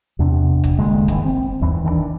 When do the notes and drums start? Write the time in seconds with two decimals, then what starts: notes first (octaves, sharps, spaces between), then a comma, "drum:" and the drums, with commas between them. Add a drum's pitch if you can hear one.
0.19 E2 C3 B3 D4
0.64 drum: kick
0.79 G1 D3 G#3 A#3
1.08 F#1 G2 D#3 E3, drum: kick
1.25 C4
1.61 G1 D#2 E3
1.84 D#3 E3 G#3 D4